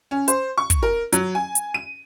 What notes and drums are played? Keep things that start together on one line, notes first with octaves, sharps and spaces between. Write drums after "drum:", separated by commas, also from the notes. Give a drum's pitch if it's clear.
C#4
C5, drum: hi-hat
C#6
drum: kick, hi-hat
A#4
F#3, drum: hi-hat
G#5
drum: hi-hat
D#7